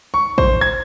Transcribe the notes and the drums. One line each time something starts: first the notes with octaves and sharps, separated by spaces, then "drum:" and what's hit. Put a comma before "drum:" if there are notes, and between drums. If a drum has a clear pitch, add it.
C#6
C5, drum: kick A1
G#6